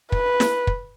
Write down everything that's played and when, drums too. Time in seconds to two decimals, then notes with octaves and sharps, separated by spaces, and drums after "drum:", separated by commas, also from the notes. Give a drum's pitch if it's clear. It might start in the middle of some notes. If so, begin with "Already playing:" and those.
0.12 B4, drum: kick
0.40 drum: snare
0.67 drum: kick